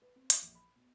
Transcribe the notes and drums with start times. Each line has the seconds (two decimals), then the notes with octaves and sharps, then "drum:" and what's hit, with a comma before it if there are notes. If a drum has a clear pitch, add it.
0.02 B4
0.16 C4
0.30 D6, drum: hi-hat
0.42 A#1
0.55 B5
0.76 B2